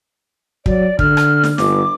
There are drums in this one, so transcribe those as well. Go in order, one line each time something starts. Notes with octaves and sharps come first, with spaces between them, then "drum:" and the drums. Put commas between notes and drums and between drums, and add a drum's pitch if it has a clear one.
F#3 D5, drum: kick
D3 F6, drum: kick
drum: rim click
drum: snare
G1 D6, drum: snare